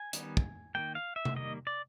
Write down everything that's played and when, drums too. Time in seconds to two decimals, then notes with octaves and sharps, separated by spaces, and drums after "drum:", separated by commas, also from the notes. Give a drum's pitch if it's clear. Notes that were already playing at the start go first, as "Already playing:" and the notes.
Already playing: G#5
0.13 D#3 G3 B3, drum: hi-hat
0.37 drum: kick
0.75 D#3 G3 A#3 G5
0.95 F5
1.16 E5
1.25 drum: tom C3
1.36 D#3 G3 A#3 D#5
1.67 D5